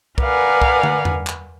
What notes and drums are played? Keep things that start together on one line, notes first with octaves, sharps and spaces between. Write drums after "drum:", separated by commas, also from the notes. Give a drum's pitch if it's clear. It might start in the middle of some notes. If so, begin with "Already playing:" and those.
A#4 B4 D5 F5 F#5 G#5, drum: kick
drum: kick
drum: tom
drum: tom E2
drum: clap